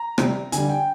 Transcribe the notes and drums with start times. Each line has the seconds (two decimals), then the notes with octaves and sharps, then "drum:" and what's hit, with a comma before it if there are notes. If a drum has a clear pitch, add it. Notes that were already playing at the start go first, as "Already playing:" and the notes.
Already playing: A#5
0.18 C3 G3, drum: rim click
0.52 D3 G3 G#5, drum: hi-hat
0.69 G5